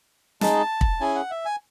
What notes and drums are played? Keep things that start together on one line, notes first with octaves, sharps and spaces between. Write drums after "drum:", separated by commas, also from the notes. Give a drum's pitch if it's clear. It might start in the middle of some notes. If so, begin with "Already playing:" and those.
G#3 D#4 G#4 A5, drum: snare
drum: kick
C#4 E4 G#4 G#5
F#5
E5
G#5